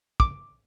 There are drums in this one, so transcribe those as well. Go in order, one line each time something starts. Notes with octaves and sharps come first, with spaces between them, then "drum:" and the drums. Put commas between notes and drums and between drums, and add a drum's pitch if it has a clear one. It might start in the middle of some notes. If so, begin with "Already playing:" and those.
D6, drum: kick